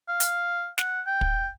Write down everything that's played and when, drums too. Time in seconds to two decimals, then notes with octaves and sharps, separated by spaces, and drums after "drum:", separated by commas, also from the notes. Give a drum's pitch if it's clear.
0.09 F5
0.20 drum: hi-hat
0.78 F#5, drum: snare
1.06 G5
1.21 drum: kick